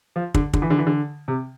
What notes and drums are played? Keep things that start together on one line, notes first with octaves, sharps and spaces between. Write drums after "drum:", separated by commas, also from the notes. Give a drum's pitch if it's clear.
F3
D3, drum: kick
D3, drum: kick
E3
D3
E3
D3
C3